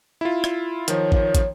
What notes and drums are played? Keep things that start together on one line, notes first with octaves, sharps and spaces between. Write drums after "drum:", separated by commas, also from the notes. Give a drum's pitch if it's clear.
E4 F4
drum: rim click
D#3 F3 C#5, drum: hi-hat
drum: kick
drum: kick, hi-hat